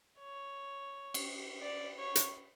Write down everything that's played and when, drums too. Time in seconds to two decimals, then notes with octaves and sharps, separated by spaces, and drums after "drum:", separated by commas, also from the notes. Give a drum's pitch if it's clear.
0.19 C#5
1.14 drum: cymbal
1.62 D5
1.98 C#5
2.15 drum: hi-hat